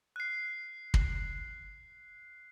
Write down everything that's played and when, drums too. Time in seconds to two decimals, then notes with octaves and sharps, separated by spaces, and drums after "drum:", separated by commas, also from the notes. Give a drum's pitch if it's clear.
0.16 F#6 C7
0.94 drum: kick